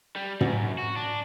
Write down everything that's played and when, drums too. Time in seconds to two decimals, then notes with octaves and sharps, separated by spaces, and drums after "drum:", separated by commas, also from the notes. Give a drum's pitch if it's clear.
0.16 G3
0.41 F#2, drum: tom
0.78 F#4
0.96 D4